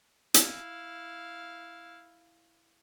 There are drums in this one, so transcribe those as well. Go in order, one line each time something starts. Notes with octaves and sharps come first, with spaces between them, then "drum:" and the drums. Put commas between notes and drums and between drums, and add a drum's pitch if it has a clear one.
E4 F5, drum: hi-hat